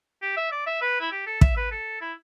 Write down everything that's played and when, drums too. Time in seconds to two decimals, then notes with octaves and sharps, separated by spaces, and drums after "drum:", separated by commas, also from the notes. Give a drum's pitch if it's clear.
0.22 G4
0.37 E5
0.52 D5
0.67 E5
0.82 B4
1.01 E4
1.12 G4
1.26 A4
1.41 E5, drum: kick
1.57 B4
1.71 A4
2.01 E4